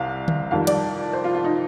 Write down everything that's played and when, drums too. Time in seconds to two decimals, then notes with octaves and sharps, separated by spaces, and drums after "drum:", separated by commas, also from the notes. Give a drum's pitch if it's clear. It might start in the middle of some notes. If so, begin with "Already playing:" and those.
Already playing: C2 C3 F5
0.28 drum: tom D3
0.51 F2 D#3 G3 F5
0.67 D5, drum: cymbal
1.13 C5
1.24 F4
1.35 F4
1.44 D#4